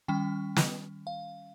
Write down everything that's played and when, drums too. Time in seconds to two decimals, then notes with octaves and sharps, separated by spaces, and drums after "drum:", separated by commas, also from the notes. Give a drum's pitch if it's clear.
0.08 D#3 G3 C#4 G5
0.56 drum: snare
1.07 F5